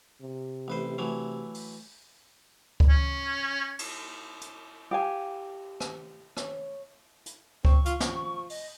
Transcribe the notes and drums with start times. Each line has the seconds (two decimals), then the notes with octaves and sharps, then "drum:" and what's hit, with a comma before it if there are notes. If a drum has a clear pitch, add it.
0.22 C3
0.68 A1 B4 C5
0.98 E3 F#3 A3
1.54 drum: open hi-hat
2.80 drum: kick C#2
2.89 C#4
3.79 drum: cymbal
4.42 drum: hi-hat
4.91 G4 F5 G#5
5.80 drum: rim click
6.37 C#5, drum: rim click
7.26 drum: hi-hat
7.65 C4 C#6, drum: kick C#2
7.85 F4, drum: hi-hat
8.00 F3, drum: snare
8.50 D#5, drum: open hi-hat